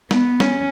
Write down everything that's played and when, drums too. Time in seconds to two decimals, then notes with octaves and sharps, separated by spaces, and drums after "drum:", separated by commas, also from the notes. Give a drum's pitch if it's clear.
0.11 B3, drum: snare
0.40 C#4, drum: snare